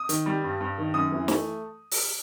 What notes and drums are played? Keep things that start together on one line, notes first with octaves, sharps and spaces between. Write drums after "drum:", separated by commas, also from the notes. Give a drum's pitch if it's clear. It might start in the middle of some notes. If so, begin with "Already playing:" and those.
Already playing: D#6
D#3, drum: hi-hat
G3
G2
G2
D#3
F#2 D#6
E3
A3, drum: snare
drum: open hi-hat